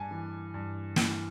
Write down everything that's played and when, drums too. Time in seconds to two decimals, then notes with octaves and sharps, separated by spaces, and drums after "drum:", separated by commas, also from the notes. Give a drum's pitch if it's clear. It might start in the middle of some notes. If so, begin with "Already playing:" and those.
Already playing: G2 G#5 A5
0.11 E3
0.54 G2
0.96 E3, drum: snare